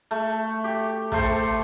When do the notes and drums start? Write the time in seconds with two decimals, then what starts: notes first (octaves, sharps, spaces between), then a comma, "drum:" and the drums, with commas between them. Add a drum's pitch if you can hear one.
0.11 A3
0.64 G4
1.12 A3 A4 C5, drum: kick